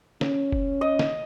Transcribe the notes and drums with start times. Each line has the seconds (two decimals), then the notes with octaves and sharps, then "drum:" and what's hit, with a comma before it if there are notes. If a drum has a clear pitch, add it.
0.21 C#4, drum: snare
0.52 drum: kick F#1
0.81 D#5
0.99 drum: snare